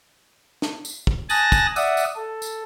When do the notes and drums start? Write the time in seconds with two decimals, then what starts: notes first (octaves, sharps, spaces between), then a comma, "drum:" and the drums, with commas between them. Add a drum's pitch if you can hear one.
0.62 drum: snare
0.85 drum: tambourine
1.07 drum: kick
1.30 G#5 A5 D#6 F#6 A6 A#6, drum: tambourine
1.52 drum: kick, tambourine
1.76 D5 E5 F#5 D#6, drum: tambourine
1.97 drum: tambourine
2.16 A4
2.42 drum: tambourine